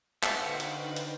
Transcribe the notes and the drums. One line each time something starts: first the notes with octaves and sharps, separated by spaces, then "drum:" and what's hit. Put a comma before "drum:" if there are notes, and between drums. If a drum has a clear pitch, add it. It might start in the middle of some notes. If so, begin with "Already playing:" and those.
D3 D#4 F#4 B4 C5 F5 G5, drum: clap
drum: hi-hat
drum: hi-hat